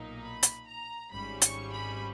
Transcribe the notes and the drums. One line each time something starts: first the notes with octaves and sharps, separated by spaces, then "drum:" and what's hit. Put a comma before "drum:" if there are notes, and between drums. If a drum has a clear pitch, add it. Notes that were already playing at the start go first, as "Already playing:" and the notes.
Already playing: B1 A#2 A#3 D#4
B5
drum: hi-hat
A#5
G#1 G#2 G3 C#4 B5
C#6, drum: hi-hat
B5